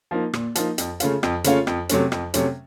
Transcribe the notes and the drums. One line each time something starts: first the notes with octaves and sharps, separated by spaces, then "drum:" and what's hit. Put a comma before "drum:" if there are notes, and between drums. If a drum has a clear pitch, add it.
F3 A#3 D#4
A#2, drum: rim click
F3 A#3 D#4, drum: hi-hat
F2, drum: hi-hat
C#3 A3 C#4 F4, drum: hi-hat
F2, drum: rim click
C#3 A3 C#4 F4, drum: hi-hat
F2, drum: rim click
C3 F#3 A3 C#4, drum: hi-hat
F2, drum: rim click
C3 F#3 A3 C#4, drum: hi-hat